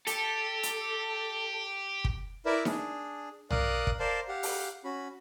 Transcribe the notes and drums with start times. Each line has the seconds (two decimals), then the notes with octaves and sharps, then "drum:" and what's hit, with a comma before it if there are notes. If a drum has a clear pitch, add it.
0.07 G4 A4, drum: hi-hat
0.63 drum: hi-hat
2.05 drum: kick
2.46 E4 A#4 B4 D5 E5
2.65 D4 G#4, drum: snare D#4
3.50 A#4 D5 F5 D#6 F#6, drum: tom
3.87 drum: kick
4.00 A#4 C5 D5 F5 A5 C6
4.28 G4 F5 F#5
4.43 drum: open hi-hat
4.85 C#4 F#4 B5